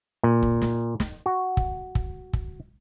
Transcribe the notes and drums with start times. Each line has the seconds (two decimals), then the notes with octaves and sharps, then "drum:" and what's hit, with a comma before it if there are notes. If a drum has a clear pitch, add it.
0.23 A#2
0.43 drum: kick
0.62 drum: snare
1.00 drum: snare
1.26 F#4
1.57 drum: kick
1.95 drum: kick
2.33 drum: kick